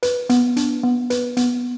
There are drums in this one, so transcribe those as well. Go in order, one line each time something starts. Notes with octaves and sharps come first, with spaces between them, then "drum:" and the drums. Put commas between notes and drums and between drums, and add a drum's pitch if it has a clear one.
B4, drum: hi-hat
B3, drum: hi-hat
D4, drum: hi-hat
B3
B4, drum: hi-hat
B3, drum: hi-hat